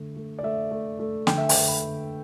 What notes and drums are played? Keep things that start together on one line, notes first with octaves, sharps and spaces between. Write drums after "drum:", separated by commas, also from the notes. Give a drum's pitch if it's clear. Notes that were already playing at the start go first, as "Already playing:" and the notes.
Already playing: D3 A3
A3
D5
A3 E5
A3
A3
D3 G5, drum: snare
E5
G5, drum: open hi-hat
D3
B5
D3